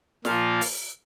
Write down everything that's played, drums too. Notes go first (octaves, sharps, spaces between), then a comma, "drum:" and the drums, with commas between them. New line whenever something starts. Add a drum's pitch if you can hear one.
A#2 F3 A#3 F4 F5, drum: snare
drum: open hi-hat